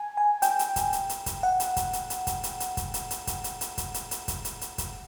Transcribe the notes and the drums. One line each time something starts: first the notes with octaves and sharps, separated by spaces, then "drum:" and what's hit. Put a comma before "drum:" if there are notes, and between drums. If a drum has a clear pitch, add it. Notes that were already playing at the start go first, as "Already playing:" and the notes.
Already playing: G#5
G#5
G5, drum: hi-hat
drum: hi-hat
drum: kick, hi-hat
drum: hi-hat
drum: hi-hat
drum: kick, hi-hat
F#5
drum: hi-hat
drum: kick, hi-hat
drum: hi-hat
drum: hi-hat
drum: kick, hi-hat
drum: hi-hat
drum: hi-hat
drum: kick, hi-hat
drum: hi-hat
drum: hi-hat
drum: kick, hi-hat
drum: hi-hat
drum: hi-hat
drum: kick, hi-hat
drum: hi-hat
drum: hi-hat
drum: kick, hi-hat
drum: hi-hat
drum: hi-hat
drum: kick, hi-hat